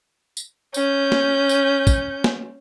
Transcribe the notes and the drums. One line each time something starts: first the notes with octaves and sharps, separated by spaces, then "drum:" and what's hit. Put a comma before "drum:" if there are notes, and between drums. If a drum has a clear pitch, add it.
drum: tambourine
C#4 G6, drum: tambourine
drum: snare
drum: tambourine
drum: kick, tambourine
drum: snare